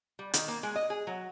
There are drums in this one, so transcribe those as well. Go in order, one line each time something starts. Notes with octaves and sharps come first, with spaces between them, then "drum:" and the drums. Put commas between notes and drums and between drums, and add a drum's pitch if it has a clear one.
G3
D#3, drum: hi-hat
A#3
G#3
D#5
G#4
F#3